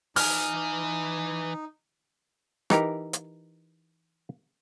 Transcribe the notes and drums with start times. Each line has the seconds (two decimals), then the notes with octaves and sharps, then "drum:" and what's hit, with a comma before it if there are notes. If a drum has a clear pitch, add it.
0.16 E3 D#4 G#5 F6, drum: open hi-hat
2.70 E3 D#4 G4 A#4, drum: rim click
3.13 drum: hi-hat